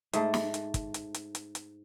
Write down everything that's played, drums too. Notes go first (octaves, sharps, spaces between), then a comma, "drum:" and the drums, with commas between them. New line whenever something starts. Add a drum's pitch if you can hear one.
G#2 A3, drum: hi-hat
drum: snare
drum: hi-hat
drum: kick, hi-hat
drum: hi-hat
drum: hi-hat
drum: hi-hat
drum: hi-hat